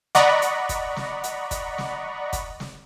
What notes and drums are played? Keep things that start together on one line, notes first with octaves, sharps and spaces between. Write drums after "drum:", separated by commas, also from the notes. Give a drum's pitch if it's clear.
D5 D#5 F#5 A#5 B5 C#6, drum: snare
drum: hi-hat
drum: kick, hi-hat
drum: snare
drum: hi-hat
drum: kick, hi-hat
drum: snare
drum: kick, hi-hat
drum: snare